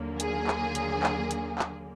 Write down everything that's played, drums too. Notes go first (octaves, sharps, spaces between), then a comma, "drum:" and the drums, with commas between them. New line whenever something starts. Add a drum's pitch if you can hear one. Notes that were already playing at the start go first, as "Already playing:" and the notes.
Already playing: D#2 D3 F#3 A#3
G#4, drum: hi-hat
drum: clap
drum: hi-hat
drum: clap
drum: hi-hat
drum: clap